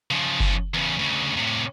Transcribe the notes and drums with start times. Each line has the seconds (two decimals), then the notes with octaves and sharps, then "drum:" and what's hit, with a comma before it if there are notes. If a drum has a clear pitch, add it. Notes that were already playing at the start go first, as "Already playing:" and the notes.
0.11 C#3 F3
0.40 drum: kick F#1
0.74 E2 C#3
0.99 D2 C#3
1.37 A2 C3